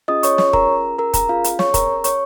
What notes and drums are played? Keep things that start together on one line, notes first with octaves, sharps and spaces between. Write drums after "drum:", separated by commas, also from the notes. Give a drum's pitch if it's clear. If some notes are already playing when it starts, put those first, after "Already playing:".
C#4 F4 G#4 D#5 D#6
C#5 C#6, drum: hi-hat
C#5 C#6, drum: snare
A#4 A#5, drum: kick
A#4 A#5
A#4 A#5, drum: kick, hi-hat
C#4 F4 G#4 F5
drum: hi-hat
C#5 C#6, drum: snare
A#4 A#5, drum: kick, hi-hat
C#5 C#6, drum: hi-hat